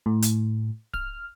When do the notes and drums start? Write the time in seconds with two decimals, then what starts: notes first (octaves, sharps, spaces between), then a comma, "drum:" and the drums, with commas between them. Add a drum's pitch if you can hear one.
0.06 A2
0.22 drum: hi-hat
0.94 F6, drum: kick D1